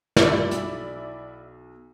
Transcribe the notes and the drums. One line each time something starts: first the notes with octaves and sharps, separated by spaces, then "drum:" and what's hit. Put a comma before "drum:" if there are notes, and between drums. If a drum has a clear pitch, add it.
G3 E4 F4 D5, drum: snare
B1, drum: hi-hat